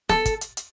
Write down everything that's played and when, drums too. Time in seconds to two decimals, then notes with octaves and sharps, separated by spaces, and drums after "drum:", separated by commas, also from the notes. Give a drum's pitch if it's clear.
0.09 A4, drum: snare
0.25 drum: kick, hi-hat
0.41 drum: hi-hat
0.57 drum: hi-hat